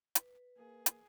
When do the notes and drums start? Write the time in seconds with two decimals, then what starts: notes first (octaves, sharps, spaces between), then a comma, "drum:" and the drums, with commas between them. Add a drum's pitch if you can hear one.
0.15 B4, drum: hi-hat
0.58 A#3 G#4
0.86 drum: hi-hat